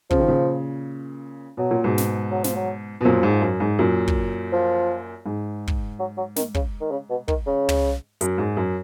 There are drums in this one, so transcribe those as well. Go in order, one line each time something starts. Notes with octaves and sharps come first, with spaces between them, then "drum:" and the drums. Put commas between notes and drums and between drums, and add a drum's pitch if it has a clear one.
C#3 F3, drum: kick
D#3
A#2 C#3
B2 F#3
A#2
G#2 B2
drum: snare
F#3
F3, drum: snare
F#3
B2
F#2 A#2 F3
G#2
F#2
G#2
F#2 A#2
drum: kick
F3
G#2
drum: kick
F#3
F#3
D#3, drum: snare
C#3, drum: kick
D#3
C#3
B2
D#3, drum: kick
C#3
drum: tom
F#2, drum: hi-hat
G#2
F#2